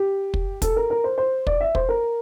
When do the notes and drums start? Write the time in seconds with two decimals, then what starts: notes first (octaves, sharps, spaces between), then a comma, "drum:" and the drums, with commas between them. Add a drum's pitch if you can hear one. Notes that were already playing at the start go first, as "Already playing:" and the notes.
Already playing: G4
0.34 drum: kick
0.62 A4, drum: kick, hi-hat
0.76 A#4
0.90 A#4
1.04 C5
1.18 C5
1.47 D5, drum: kick
1.61 E5
1.75 C5, drum: kick
1.89 A#4